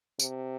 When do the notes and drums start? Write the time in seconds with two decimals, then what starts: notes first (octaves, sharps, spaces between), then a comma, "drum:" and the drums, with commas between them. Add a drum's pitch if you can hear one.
0.19 C3, drum: tambourine